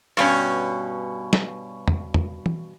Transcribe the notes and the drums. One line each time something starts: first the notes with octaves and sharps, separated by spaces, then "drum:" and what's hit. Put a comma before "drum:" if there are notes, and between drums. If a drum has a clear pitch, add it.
G2 B2 C#4, drum: open hi-hat
drum: snare
drum: tom
drum: tom
drum: tom E3